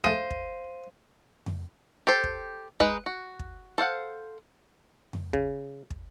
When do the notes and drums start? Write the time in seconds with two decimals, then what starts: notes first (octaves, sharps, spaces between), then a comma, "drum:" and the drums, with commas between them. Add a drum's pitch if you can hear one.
0.04 A3 G#4 C5 F5 D#7
0.30 drum: kick
1.46 drum: tom F2
2.07 G4 A4 C5
2.24 drum: kick
2.80 G#3 D#4 B4, drum: kick
3.06 F#4
3.39 drum: kick
3.78 A4 C5 F5 F#5
5.13 drum: tom F2
5.33 C#3, drum: kick
5.90 drum: kick